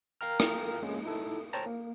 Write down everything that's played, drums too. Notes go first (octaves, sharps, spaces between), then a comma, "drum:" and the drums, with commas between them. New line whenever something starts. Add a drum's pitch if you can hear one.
A#4 F5 G5 A#5 F6
drum: rim click
G#3 A#3 C#4
D#4 E4 A4
C5 C#5 G5 A5 A#5
A#3